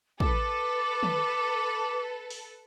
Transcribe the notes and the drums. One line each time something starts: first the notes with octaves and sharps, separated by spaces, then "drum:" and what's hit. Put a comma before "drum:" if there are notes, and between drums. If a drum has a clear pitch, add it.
A4 B4 D6, drum: kick
drum: tom
drum: open hi-hat